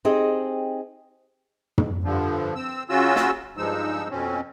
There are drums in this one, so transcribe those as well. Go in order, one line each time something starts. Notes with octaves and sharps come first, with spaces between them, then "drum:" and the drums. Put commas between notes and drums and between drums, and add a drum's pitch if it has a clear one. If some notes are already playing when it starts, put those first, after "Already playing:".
C4 D#4 G4 G#4 D#5
drum: tom
G2 D3 F3
C4 E6
C#3 C#4 F4 F#4 E6
drum: snare
G2 F3 G#3 D#4 E6
F2 B2 C4 C#4